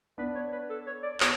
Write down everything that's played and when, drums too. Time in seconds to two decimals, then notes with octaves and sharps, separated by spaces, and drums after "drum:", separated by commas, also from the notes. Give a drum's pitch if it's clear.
0.18 B3 D4 B4
0.35 C#5
0.52 B4
0.69 A4
0.86 C#5
1.03 D5
1.20 B3 C#5, drum: clap